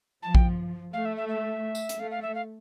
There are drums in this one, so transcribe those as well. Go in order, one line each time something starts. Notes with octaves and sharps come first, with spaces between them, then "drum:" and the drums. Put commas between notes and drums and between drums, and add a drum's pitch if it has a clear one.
F3 A5
G5, drum: kick A#1
A3 F5
E5
E5
E5
drum: tambourine
drum: hi-hat
A3 F5
F5
E5
F5